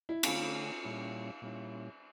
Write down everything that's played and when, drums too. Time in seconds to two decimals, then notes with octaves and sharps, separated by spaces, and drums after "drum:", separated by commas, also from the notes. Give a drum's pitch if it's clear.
0.09 E4
0.23 D3 A3 C#4 F4, drum: cymbal
0.83 A#2 G3 C#4 E4
1.42 A#2 G3 C#4 E4